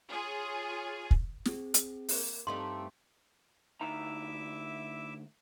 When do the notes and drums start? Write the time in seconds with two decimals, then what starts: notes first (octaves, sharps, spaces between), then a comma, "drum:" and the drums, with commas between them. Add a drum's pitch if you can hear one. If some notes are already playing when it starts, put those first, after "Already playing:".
0.10 F4 G#4 C#5
1.11 drum: kick
1.45 C4 G#4, drum: snare
1.74 drum: hi-hat
2.09 A#3, drum: open hi-hat
2.47 G2 A3 C4 D#4 G4 F5 C6
3.81 D2 D#4 E4 E5 A#5 D6